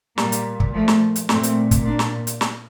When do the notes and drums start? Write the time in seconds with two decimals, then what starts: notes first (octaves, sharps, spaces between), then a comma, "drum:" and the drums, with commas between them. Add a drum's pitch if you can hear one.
0.18 A#2 G3 A#3, drum: snare
0.32 drum: hi-hat
0.60 drum: kick
0.74 F3 A3
0.88 drum: snare
1.16 drum: hi-hat
1.29 A#2 A3 C4, drum: snare
1.43 drum: hi-hat
1.71 drum: kick, hi-hat
1.85 A#3 D4
1.99 drum: snare
2.27 drum: hi-hat
2.41 drum: snare